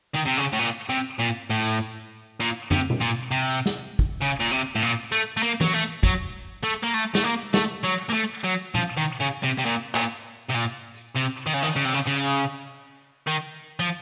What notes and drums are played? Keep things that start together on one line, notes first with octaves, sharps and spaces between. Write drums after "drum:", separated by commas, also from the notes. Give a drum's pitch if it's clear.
D#3
C3
C#3
A2
A#2
C3
A#2
A2
A#2
C3, drum: tom
drum: tom B2
A#2
C3
drum: snare
drum: kick
C#3
A#2
C3
A2
A#2
A3
A3
A#3
F#3, drum: tom E3
A3
F#3, drum: kick
A3
A#3
A3
A3, drum: snare
A#3
A3, drum: snare
F#3
A#3
A3
F#3
F3, drum: tom B2
D#3
C#3
C3
C3
A#2
A#2, drum: clap
C3
A#2
drum: tambourine
C3
D#3
C#3
D#3, drum: cymbal
C#3
C3
C#3
C#3
D#3
F3